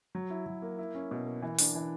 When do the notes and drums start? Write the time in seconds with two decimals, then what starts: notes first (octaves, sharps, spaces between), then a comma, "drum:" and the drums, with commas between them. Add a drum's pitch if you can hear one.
0.15 F#3
0.30 E4
0.46 F#3
0.62 A#3
0.78 E4
0.95 C#4
1.11 B2
1.26 A#3
1.42 E3
1.59 D4, drum: open hi-hat
1.75 E3